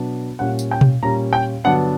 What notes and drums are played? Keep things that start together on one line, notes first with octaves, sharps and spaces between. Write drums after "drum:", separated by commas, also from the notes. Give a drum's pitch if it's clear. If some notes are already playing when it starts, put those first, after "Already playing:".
Already playing: B2 F#3 B3 D4
A#2 G3 C#4 F#5
drum: tambourine
G5
drum: tom B2
A#2 G3 C#4 A#5
G5
G2 D3 F#3 B3 D4 F#5